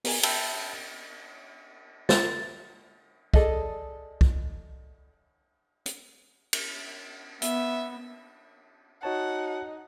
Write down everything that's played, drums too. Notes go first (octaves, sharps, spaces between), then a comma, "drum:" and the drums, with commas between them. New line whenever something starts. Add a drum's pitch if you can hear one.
B3 A#4 G#5, drum: open hi-hat
E5 G5 A5 B5 E6 G6, drum: cymbal
A6, drum: snare
G#4 A4 D5 D#5, drum: kick C2
drum: kick C2
drum: hi-hat
drum: cymbal
B3 E5, drum: hi-hat
D#4 F#4 C#5 F#5 A5